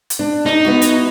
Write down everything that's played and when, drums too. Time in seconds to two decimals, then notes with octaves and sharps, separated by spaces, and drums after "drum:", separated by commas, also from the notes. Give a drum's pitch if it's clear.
0.10 drum: hi-hat
0.19 D4
0.46 D#4, drum: snare D#4
0.65 B3 E4 F#4
0.82 drum: hi-hat